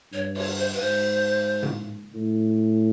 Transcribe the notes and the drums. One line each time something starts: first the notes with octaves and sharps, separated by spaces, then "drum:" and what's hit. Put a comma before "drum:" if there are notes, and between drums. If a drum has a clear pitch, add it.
G2 C#5
C#5, drum: cymbal
C5
B4
G#2 C5
drum: tom
A2